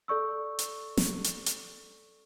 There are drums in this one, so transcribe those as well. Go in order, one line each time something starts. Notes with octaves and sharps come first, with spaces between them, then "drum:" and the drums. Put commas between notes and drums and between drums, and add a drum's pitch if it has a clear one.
A4 D5 C#6 E6
drum: hi-hat
drum: snare
drum: hi-hat
drum: hi-hat